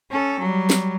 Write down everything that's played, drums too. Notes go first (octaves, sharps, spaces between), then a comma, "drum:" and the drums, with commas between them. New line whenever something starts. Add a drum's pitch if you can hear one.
C#4 A4
F#3 G3
drum: snare